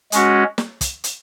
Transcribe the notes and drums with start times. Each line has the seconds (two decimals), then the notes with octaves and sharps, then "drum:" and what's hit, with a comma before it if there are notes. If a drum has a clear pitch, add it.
0.12 G#3 C#4 F#4, drum: hi-hat
0.58 drum: snare
0.81 drum: kick, hi-hat
1.04 drum: hi-hat